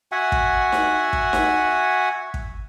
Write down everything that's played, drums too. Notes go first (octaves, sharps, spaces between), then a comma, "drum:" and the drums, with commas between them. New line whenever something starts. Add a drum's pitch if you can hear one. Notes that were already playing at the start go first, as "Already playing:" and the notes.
F#4 E5 F#5 G#5
drum: kick
drum: snare D#4
drum: kick
drum: snare D#4
drum: kick